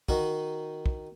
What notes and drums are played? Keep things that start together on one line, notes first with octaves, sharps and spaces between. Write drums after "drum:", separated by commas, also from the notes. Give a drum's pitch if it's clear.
D#3 D#4 F#4, drum: kick
drum: kick